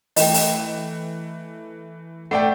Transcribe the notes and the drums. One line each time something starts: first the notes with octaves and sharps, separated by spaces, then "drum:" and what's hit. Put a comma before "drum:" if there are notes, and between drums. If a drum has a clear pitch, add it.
E3 A3 D#5 G5, drum: open hi-hat
drum: open hi-hat
A3 D5 F#5 G5